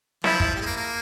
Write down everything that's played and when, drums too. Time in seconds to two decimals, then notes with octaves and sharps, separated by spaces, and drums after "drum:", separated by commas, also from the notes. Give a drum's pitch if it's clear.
0.24 C#3 F3 E4, drum: snare
0.40 drum: kick
0.55 G3
0.61 G#3
0.66 A#3
0.76 A#3